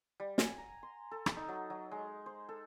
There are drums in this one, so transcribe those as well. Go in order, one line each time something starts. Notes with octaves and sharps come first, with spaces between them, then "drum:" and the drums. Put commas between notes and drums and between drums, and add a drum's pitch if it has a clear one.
G3
G#5, drum: snare
A#5
C6
A4
drum: rim click
D#4
F#3
F#3
G#3
C5
A4